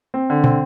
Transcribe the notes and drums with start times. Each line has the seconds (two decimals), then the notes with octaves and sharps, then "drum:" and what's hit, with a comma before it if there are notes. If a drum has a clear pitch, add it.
0.14 C4
0.30 D3
0.44 C4, drum: tom